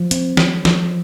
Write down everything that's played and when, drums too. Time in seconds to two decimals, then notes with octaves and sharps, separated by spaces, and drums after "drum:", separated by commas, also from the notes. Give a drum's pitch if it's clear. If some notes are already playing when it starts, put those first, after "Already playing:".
Already playing: F3
0.11 C4, drum: hi-hat
0.37 F3, drum: snare
0.65 F3, drum: snare